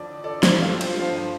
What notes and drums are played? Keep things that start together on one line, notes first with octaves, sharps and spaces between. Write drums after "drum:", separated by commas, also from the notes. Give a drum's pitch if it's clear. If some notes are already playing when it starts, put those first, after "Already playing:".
Already playing: F2 D3 F3 D5
A4 D5
G4 C5, drum: snare
F4 A4
G4 C5, drum: cymbal
G2 F3 C5 F5